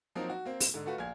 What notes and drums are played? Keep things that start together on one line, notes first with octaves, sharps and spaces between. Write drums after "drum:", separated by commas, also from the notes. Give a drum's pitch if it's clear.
F3 F#3 A#3 C4 D#4
F#4
A#3 C4
drum: open hi-hat
G#2 D3
A3 F4 F#4 B4
A#1 F5 G#5 G#6